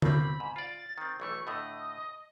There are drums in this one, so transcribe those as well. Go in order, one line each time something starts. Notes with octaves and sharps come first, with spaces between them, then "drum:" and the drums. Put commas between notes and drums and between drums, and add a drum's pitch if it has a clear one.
A3 A#3 C4 B5, drum: tom D3
G#2
F4 D5 A6
D#3 C4
B1 E3 A3 C#6
A2 D3 A3 D#5